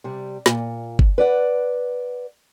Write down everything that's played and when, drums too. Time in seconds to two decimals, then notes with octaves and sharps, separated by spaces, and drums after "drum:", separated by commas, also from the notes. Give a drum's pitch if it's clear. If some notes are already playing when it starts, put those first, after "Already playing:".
0.04 C3 G3
0.46 A#2, drum: snare
0.99 drum: kick F#1
1.18 B4 D5 F#5